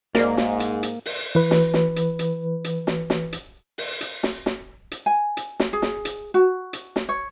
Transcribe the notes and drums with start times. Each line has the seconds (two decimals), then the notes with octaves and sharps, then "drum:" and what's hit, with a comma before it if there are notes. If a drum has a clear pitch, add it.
0.15 G#2 A#3 A#4 D5, drum: snare
0.37 drum: snare
0.60 drum: hi-hat
0.83 drum: hi-hat
1.06 drum: open hi-hat
1.35 E3 B4
1.51 drum: snare
1.74 drum: snare
1.96 drum: hi-hat
2.19 drum: hi-hat
2.64 drum: hi-hat
2.87 drum: snare
3.10 drum: snare
3.33 drum: hi-hat
3.78 drum: open hi-hat
4.01 drum: hi-hat
4.23 drum: snare
4.46 drum: snare
4.91 drum: hi-hat
5.06 G#5
5.37 drum: hi-hat
5.60 drum: snare
5.73 G#4
5.82 drum: snare
6.05 drum: hi-hat
6.34 F#4
6.73 drum: hi-hat
6.96 drum: snare
7.09 C#5